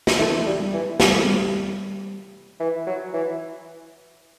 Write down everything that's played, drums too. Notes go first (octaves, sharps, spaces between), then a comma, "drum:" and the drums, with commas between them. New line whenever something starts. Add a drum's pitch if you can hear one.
drum: snare
E3 A3
G3
G3
E3
C3 G3, drum: snare
A3
G3
E3
F#3
E3